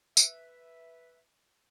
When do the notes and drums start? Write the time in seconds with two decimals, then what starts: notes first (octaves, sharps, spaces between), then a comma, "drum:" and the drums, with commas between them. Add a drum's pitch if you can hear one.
0.17 B4 E5, drum: tambourine